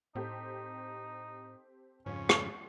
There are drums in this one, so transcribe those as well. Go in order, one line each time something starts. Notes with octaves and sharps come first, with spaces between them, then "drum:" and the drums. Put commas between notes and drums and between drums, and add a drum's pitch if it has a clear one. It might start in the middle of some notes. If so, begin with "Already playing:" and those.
A2 C4 D#4 G4 A4
F2 G#2 C#3 C#4
drum: rim click